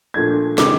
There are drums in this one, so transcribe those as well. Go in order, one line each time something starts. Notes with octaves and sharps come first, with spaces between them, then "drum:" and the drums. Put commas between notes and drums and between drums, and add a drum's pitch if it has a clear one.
A#2 F3 A3 D4 G#6
C3 D#3 G#3 D6, drum: snare